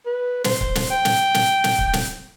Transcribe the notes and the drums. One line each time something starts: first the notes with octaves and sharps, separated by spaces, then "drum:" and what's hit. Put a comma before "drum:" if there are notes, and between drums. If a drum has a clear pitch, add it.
B4
C5, drum: snare
drum: kick C#1
drum: snare
G5
drum: snare
drum: snare
drum: snare
drum: kick C#1
drum: snare